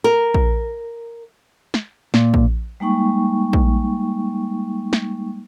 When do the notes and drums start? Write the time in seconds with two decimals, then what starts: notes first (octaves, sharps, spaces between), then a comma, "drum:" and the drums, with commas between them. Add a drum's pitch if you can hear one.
0.04 A#4
0.34 drum: kick A#1
1.74 drum: snare
2.14 A#2, drum: snare
2.34 drum: kick A#1
2.80 G3 G#3 A#3 D#4 G5 C#6
3.53 drum: kick A#1
4.93 drum: snare